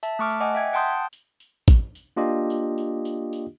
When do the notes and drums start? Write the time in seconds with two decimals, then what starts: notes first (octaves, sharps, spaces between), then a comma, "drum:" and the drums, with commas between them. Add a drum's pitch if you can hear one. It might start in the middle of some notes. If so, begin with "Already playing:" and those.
0.03 E5 A5, drum: tambourine
0.19 A3 A5 C#6 D6 F6
0.30 drum: tambourine
0.41 D#5 F#5 G#5 D6
0.55 E5 G5 G#6
0.73 F#5 G5 A5 C6 D#6 G6
1.13 drum: tambourine
1.40 drum: tambourine
1.68 drum: kick, tambourine
1.95 drum: tambourine
2.17 A#3 D4 F4 G4 D#5
2.50 drum: tambourine
2.78 drum: tambourine
3.05 drum: tambourine
3.33 drum: tambourine